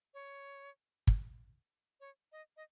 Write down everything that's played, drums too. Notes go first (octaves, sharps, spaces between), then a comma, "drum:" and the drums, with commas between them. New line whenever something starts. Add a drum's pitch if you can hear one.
C#5
drum: kick
C#5
D#5
D#5